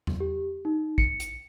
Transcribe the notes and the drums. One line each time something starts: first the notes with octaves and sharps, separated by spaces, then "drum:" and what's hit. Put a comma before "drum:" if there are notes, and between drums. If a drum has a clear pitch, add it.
drum: tom E2
G4
D#4
C#7, drum: kick
drum: hi-hat